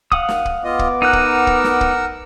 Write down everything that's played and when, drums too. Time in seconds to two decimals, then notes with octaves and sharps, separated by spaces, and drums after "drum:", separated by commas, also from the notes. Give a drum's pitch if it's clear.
0.12 F5 F#5 D#6, drum: kick
0.28 drum: snare
0.45 drum: kick
0.64 B3 F4 D#5 D6
0.79 drum: kick
1.02 D#4 A#4 F#5 E6 F#6
1.13 drum: kick
1.47 drum: kick
1.64 drum: snare
1.81 drum: kick